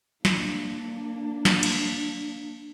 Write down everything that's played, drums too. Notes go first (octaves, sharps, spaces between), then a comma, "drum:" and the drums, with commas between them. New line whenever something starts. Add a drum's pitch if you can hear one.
A#3 D4, drum: snare
drum: snare
drum: cymbal